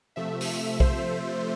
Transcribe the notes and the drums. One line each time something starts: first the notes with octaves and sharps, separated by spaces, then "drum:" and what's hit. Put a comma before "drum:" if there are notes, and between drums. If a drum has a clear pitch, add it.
C3 F3 A3 E5
drum: open hi-hat
C5, drum: kick B1